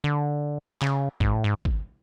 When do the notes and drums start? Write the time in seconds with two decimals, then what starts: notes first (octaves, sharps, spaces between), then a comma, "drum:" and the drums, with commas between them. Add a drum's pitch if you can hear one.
0.04 D3
0.82 C#3, drum: clap
1.20 G#2, drum: kick
1.32 A2
1.44 G#2
1.65 drum: kick